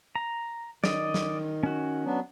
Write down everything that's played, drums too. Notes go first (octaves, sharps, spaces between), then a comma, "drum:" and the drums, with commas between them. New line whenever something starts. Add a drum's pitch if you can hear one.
A#5
D#3 D5 D#5, drum: snare
drum: snare
C#4 F#4
F#3 B3 D4